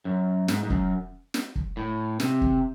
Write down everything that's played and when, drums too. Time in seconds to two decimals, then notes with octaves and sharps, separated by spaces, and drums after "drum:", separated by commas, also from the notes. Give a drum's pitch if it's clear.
0.05 F#2
0.48 G#2, drum: snare
0.64 G#2
0.70 F#2, drum: kick
1.34 drum: snare
1.56 drum: kick
1.77 A2
2.20 C3, drum: snare
2.41 drum: kick